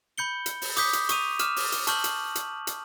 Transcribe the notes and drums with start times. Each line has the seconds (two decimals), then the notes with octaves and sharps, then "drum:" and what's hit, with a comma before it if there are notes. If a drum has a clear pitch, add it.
0.18 B5 G6 C#7 G7
0.46 drum: hi-hat
0.62 drum: open hi-hat
0.77 D6 D#6 G6 B6, drum: hi-hat
0.93 drum: hi-hat
1.09 C#6 D#6 D#7 F7, drum: hi-hat
1.39 D6 F6 E7, drum: hi-hat
1.56 drum: open hi-hat
1.72 drum: hi-hat
1.87 A5 C#6 F6 G6 F#7, drum: hi-hat
2.04 drum: hi-hat
2.35 drum: hi-hat
2.67 drum: hi-hat